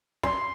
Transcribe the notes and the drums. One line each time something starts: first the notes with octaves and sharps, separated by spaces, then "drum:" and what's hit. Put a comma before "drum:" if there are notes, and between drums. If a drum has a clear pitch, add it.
C6, drum: snare